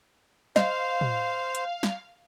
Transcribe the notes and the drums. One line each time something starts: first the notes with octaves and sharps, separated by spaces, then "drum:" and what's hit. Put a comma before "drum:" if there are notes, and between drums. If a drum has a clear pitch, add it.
C5 D#5 F5, drum: snare
drum: tom
drum: hi-hat
drum: snare